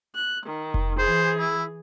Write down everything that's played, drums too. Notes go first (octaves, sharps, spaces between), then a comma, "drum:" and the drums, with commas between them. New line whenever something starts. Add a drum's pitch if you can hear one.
F#6
D#3
drum: kick F1
E3 G#4 C5
E4